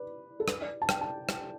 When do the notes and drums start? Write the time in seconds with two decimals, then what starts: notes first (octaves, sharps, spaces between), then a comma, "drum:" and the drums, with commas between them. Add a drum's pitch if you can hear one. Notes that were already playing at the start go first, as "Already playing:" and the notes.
Already playing: B4 D5
0.40 A4
0.48 B4, drum: rim click
0.61 D5
0.82 A5
0.89 G5, drum: rim click
1.01 A5
1.29 drum: rim click